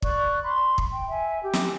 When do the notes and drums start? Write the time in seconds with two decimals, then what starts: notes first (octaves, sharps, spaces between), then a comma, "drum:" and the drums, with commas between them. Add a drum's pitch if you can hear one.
0.02 D5 C#6 F#6, drum: kick
0.42 B5 C6
0.78 drum: kick
0.89 G5
1.08 E5 G#5
1.44 G4
1.53 drum: snare